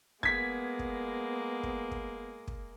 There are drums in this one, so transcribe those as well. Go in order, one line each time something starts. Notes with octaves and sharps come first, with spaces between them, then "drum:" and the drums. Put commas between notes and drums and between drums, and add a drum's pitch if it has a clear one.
G#3 A#3 B3 G#6 B6, drum: kick
drum: kick
drum: kick
drum: kick
drum: kick